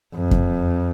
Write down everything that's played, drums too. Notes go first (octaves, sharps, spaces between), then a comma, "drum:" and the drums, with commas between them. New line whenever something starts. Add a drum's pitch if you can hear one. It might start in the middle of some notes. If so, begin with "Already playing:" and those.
F2
drum: kick F2